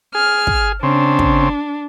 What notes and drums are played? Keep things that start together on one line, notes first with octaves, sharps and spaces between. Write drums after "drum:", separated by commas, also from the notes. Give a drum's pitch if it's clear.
G#4 F6
drum: kick
C#3 C4 D4
drum: kick